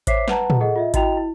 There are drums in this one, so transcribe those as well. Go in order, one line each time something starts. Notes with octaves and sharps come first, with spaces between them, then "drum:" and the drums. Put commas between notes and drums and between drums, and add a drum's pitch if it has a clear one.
C5 C#5 E5 D6 B6 C7, drum: kick G#1, hi-hat
B4 F#5 A5 A#5, drum: snare
drum: tom
G#4 A4 D#5 F#5
F4 D#5 E5
E4 F#4 D#5 G5 A#5 F7, drum: kick G#1, hi-hat
E4